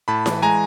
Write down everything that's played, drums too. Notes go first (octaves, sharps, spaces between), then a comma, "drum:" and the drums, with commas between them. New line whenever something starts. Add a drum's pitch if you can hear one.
A2 A5 B5
E3, drum: snare E4
G#3 G#5 A#5